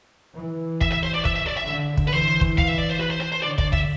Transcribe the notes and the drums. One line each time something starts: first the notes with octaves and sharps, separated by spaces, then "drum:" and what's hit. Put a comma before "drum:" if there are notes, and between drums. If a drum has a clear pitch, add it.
E3
E5, drum: kick
E5
C5
D5
E5, drum: kick
E5
D5
E5
D3
drum: kick
B4
E3 C5
drum: kick
F5, drum: kick
E5
D5
C5
B4
C5
C5
C5
D3 D5
D5, drum: kick
E5, drum: kick